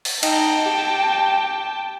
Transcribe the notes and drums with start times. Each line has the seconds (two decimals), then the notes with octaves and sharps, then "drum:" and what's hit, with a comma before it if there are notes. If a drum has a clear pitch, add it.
0.05 drum: open hi-hat
0.23 D#4 G5 A5, drum: cymbal
0.66 G4